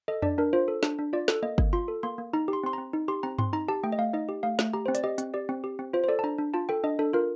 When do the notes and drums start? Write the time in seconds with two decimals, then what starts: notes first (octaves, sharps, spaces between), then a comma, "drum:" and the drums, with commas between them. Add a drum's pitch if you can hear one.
0.08 A4 D#5
0.22 D4 D5, drum: tom F2
0.38 D4 A#4
0.53 F4 C5
0.68 A4
0.83 D4, drum: snare
0.98 D4
1.13 F4 D5
1.28 A4, drum: snare
1.43 A#3 D#5
1.58 A#3, drum: kick G1
1.73 F4 C6
1.88 A4
2.03 A#3 C6
2.18 A#3
2.33 D#4 A#5
2.48 G4
2.53 C6
2.63 C4 C6
2.73 A#5
2.78 C4
2.93 D#4
3.08 G4 C6
3.23 C4 A#5
3.39 C4 C6, drum: tom G2
3.53 D#4 A#5
3.68 G4 A5
3.83 A3 G5
3.92 D#5
3.98 A3 F5
4.13 D#4 D#5
4.29 G4
4.43 A3 F5
4.59 A3, drum: snare
4.73 G4 A#5
4.86 C4 C5
4.95 D5, drum: hi-hat
5.04 G4 D#5
5.18 C4, drum: hi-hat
5.34 G4 D5
5.49 C4
5.64 G4
5.79 C4
5.93 F4 C5
6.04 C5
6.08 A4 D5
6.19 A5
6.24 D4 A#5
6.38 D4
6.54 F4 A5
6.69 A4 G5
6.84 D4 D#5
6.99 D4 A4
7.13 F4 A#4